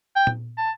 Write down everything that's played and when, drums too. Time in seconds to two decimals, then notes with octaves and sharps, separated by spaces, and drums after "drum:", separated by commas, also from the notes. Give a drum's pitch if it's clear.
0.16 G5
0.27 drum: tom A#2
0.57 A5